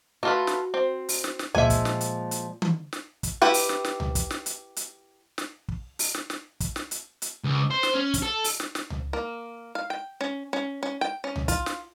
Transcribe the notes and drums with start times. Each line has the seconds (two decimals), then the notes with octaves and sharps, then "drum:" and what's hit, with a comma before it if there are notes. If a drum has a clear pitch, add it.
0.23 A3 F4 F#4 B4
0.47 drum: snare
0.74 C4
1.09 drum: open hi-hat
1.24 drum: snare
1.39 drum: snare
1.55 A#2 F3 G#3 E5 G#5, drum: tom C#2
1.70 drum: kick, hi-hat
1.85 drum: snare
2.01 drum: hi-hat
2.31 drum: hi-hat
2.62 drum: tom D#3
2.93 drum: snare
3.23 drum: kick, hi-hat
3.42 E4 G4 B4
3.54 drum: open hi-hat
3.69 drum: snare
3.85 drum: snare
4.00 drum: tom C#2
4.15 drum: kick, hi-hat
4.30 drum: snare
4.46 drum: hi-hat
4.76 drum: hi-hat
5.38 drum: snare
5.68 drum: kick
5.99 drum: open hi-hat
6.14 drum: snare
6.30 drum: snare
6.60 drum: kick, hi-hat
6.76 drum: snare
6.91 drum: hi-hat
7.22 drum: hi-hat
7.44 C#2
7.71 C5
7.83 drum: snare
7.94 C#4
8.14 drum: kick, hi-hat
8.23 A4
8.44 drum: open hi-hat
8.60 drum: snare
8.75 drum: snare
8.90 drum: tom C#2
9.13 A#3
9.75 F5
9.90 G5
10.21 C#4
10.53 C#4
10.83 C#4
11.01 G5
11.24 C#4
11.36 drum: tom C#2
11.48 F4, drum: kick, hi-hat
11.66 drum: snare